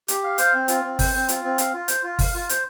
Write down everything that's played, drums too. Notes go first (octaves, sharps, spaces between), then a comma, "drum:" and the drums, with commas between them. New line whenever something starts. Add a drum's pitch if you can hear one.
G4, drum: hi-hat
F5
C5, drum: hi-hat
C4
F4, drum: hi-hat
C4
C5, drum: kick G1, open hi-hat
C4
F4, drum: hi-hat
C4
F5, drum: hi-hat
F4
C5, drum: hi-hat
F4
F5, drum: kick G1, open hi-hat
F4
C5, drum: hi-hat